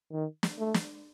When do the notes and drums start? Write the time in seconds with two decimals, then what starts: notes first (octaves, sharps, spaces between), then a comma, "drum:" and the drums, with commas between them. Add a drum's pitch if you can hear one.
0.11 D#3
0.43 drum: snare
0.58 A3
0.74 drum: snare